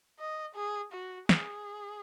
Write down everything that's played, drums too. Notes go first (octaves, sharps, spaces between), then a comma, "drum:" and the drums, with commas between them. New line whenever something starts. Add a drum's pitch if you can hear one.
D#5
G#4
F#4
G#4, drum: snare